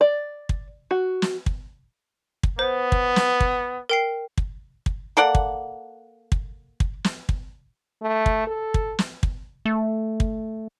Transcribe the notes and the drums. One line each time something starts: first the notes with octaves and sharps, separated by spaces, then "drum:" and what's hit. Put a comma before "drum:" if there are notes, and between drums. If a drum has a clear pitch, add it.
D5
drum: kick
F#4
drum: snare
drum: kick
drum: kick
B3 C5
drum: kick
drum: snare
drum: kick
A#4 G5 C7
drum: kick
drum: kick
A#3 A4 D5 F#5
drum: kick
drum: kick
drum: kick
drum: snare
drum: kick
A3
drum: kick
A4
drum: kick
drum: snare
drum: kick
A3
drum: kick